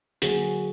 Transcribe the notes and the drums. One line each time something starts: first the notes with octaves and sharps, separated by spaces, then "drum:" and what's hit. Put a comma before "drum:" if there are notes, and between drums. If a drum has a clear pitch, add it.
D3 F#3 A#3 F#4 G#4, drum: hi-hat